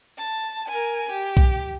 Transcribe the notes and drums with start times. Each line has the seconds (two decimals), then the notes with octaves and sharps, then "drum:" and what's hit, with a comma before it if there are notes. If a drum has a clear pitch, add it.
0.18 A5
0.68 A#4 G#5
1.09 G4
1.37 drum: kick B1